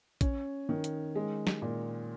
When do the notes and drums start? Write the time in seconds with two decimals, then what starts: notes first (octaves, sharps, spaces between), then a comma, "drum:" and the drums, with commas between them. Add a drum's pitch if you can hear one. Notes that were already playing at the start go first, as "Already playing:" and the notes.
0.21 C#4, drum: kick, hi-hat
0.69 D#3
0.84 drum: hi-hat
1.15 G#3
1.47 drum: snare
1.62 A#2